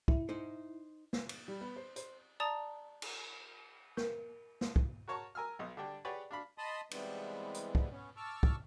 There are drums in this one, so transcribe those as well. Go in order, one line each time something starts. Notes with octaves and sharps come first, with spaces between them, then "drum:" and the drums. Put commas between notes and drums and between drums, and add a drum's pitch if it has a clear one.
E4, drum: kick
D#4 C5
drum: snare
drum: cymbal
G3
B3
C5
C5, drum: hi-hat
D5 A5 A#5 D#6
drum: cymbal
A#4, drum: snare
drum: snare
drum: kick
F#4 A#4 C#5 A5 C#6
A#4 G#5 E6 F6
B1 B3 D#5
D3 G3 D4 G5
G4 G#4 B4 C#5 D5 F#5
D4 F5 B5
D#5 A5 B5 C6 D#6
C3 E3 G3 G#3 B3, drum: cymbal
drum: hi-hat
drum: kick
B3 C#4
A5 C#6 D6 E6 F6
drum: kick